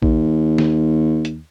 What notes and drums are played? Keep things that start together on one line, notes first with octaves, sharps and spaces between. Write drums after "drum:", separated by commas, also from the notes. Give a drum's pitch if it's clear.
D#2, drum: kick
drum: snare
drum: hi-hat